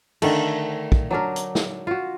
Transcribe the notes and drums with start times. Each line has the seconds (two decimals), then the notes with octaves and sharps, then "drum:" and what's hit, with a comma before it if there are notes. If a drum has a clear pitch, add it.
0.22 D3 D#3 A3, drum: cymbal
0.92 drum: kick
1.11 F#3 D4 A#4
1.36 drum: hi-hat
1.55 drum: snare
1.87 F4 F#4